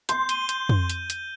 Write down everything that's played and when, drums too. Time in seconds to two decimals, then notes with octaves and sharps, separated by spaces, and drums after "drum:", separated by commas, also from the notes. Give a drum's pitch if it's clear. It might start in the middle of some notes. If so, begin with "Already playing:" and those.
0.09 C6 G6, drum: hi-hat
0.29 D#7 G7, drum: hi-hat
0.49 G6, drum: hi-hat
0.69 drum: tom
0.90 drum: hi-hat
1.10 drum: hi-hat